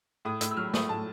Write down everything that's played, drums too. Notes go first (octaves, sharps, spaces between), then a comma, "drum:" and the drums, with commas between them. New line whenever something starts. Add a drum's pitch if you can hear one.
A2 D#6
A2 E6, drum: hi-hat
E6
F#3 F6
A3 D#6, drum: snare
A2 A5